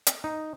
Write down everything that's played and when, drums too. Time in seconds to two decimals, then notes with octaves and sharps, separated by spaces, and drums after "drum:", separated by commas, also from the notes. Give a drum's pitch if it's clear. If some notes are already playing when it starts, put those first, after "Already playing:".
0.07 drum: hi-hat
0.24 D#4